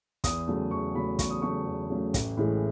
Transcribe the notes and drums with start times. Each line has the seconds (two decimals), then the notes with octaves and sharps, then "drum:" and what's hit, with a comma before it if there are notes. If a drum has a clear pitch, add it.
0.24 E2 D#6, drum: kick, hi-hat
0.47 C#3 F#3 A3
0.71 E2 C#6
0.95 C#3 F#3 A3 B5
1.19 E2 C#6, drum: kick, hi-hat
1.30 D#6
1.42 C#3 F#3 A3 C#6
1.66 E2
1.90 C#3 F#3 A3
2.14 A1, drum: kick, hi-hat
2.37 A2 E3 G#3